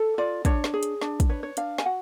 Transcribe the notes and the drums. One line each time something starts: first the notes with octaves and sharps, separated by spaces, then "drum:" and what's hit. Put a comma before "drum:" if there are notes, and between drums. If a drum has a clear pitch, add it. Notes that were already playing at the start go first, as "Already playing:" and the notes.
Already playing: A4
F4 D5
D4 C#5, drum: kick, hi-hat
drum: snare
G#4
drum: hi-hat
D4, drum: snare
drum: kick, hi-hat
B4 C#5
C#5
D4 F5, drum: hi-hat
G#5, drum: snare
F#4 F#5